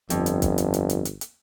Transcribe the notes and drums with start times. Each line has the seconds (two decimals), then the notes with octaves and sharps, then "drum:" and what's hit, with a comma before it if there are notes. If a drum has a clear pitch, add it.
0.10 G1 F2, drum: hi-hat
0.26 drum: hi-hat
0.42 drum: kick, hi-hat
0.58 drum: hi-hat
0.74 drum: hi-hat
0.89 drum: hi-hat
1.05 drum: hi-hat
1.21 drum: hi-hat